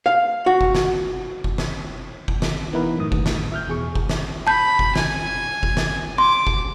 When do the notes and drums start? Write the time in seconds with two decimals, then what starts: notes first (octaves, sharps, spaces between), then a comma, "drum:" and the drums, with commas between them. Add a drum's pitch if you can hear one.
0.06 F5
0.46 F#4
0.61 drum: kick F#1
0.75 drum: snare
1.44 drum: kick F#1
1.58 drum: snare
2.28 drum: kick F#1
2.42 drum: snare
2.73 E3 B3 D#4 E4 A#4 B4
2.98 F#2 A2 D#3 D#6
3.12 drum: kick F#1
3.26 drum: snare
3.52 E5 F6 G6
3.66 E2 B2 G#4 C#6
3.95 drum: kick F#1
4.09 drum: snare
4.47 A5 B5 G6
4.79 drum: kick F#1
4.96 G#5, drum: snare
5.63 drum: kick F#1
5.77 drum: snare
6.18 C6 D6
6.47 drum: kick F#1